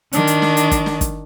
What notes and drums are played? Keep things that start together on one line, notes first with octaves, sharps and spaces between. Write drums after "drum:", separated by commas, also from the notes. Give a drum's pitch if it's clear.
D#3 D4, drum: hi-hat
drum: hi-hat
drum: snare
drum: hi-hat
drum: kick, hi-hat
drum: snare
drum: kick, hi-hat